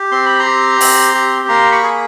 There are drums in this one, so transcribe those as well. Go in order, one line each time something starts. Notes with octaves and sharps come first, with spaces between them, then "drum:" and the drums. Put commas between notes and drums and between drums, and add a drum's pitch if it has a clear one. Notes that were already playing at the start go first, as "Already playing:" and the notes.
Already playing: G4
C4 C6
B5
A#5 C6
G4
C4, drum: open hi-hat
G4
A#3 A#5 C6
B5 C#6
G#4